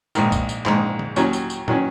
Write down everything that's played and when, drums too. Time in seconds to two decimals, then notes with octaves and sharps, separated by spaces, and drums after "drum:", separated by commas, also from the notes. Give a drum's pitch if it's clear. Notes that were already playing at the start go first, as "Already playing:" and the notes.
0.15 A#1 G#2 D#3, drum: tambourine
0.32 drum: kick B1, tambourine
0.49 drum: tambourine
0.66 A#1 G#2 D#3, drum: clap
0.99 drum: tom
1.16 D#2 D#3 F#3 C#4, drum: tambourine
1.33 drum: tambourine
1.50 drum: tambourine
1.68 D#3 F#3 C#4, drum: tom